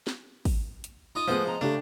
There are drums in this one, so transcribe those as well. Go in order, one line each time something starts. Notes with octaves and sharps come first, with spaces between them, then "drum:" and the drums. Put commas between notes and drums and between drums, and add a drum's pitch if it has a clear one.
drum: snare
drum: kick, open hi-hat
drum: hi-hat
D#4 F4 D#6
F3 G#3 A3 B3 F4 C5 F#5
D#5 A#5
C#3 A3 D4 G4